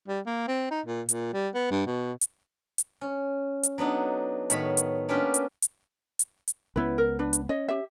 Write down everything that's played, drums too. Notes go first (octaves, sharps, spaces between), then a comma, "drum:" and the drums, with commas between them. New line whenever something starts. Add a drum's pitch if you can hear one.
G3
A#3
C4
D#4
A#2
A#2, drum: hi-hat
G3
B3
G2
B2
drum: hi-hat
drum: hi-hat
C#4
drum: hi-hat
F#3 B3 D4 D#4 A4
A2 D#3 B3 C#5 B5, drum: hi-hat
drum: hi-hat
A#3 B3 C#4 D4 F4 G4
drum: hi-hat
drum: hi-hat
drum: hi-hat
drum: hi-hat
C#2 B3 C#4 E4 B4
A#4
D4 B4
drum: hi-hat
C#4 D#5
G4 E5